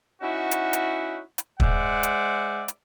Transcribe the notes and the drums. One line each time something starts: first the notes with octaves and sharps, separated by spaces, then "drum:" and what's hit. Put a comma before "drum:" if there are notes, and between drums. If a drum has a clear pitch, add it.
C#4 D#4 E4 F#4
drum: hi-hat
drum: hi-hat
drum: hi-hat
G#3 C5 D5 E5 F#5, drum: kick
drum: hi-hat
drum: hi-hat